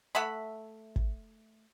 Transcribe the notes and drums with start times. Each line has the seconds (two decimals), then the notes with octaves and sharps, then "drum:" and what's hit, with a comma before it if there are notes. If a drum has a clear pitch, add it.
0.15 A3 E5 F#5 B5
0.96 drum: kick